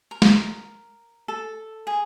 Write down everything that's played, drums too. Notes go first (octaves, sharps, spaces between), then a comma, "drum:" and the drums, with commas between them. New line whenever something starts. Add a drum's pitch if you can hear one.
A#4
drum: snare
A4
G#4